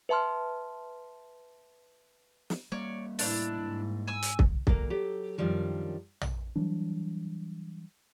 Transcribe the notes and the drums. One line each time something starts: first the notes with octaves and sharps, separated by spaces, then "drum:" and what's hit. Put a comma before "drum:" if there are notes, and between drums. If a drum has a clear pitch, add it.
B4 E5 A5 C6 F6
drum: snare
G3 A#3 C#5 D5
A2 D4 E4, drum: open hi-hat
G#2
G#5 E6
drum: hi-hat
drum: kick
D2 F#3 A#3 A#5, drum: kick
F#3 G4 A4
F#2 D#3 F3 G3 D4
drum: tom A#1
E3 F#3 G3 D4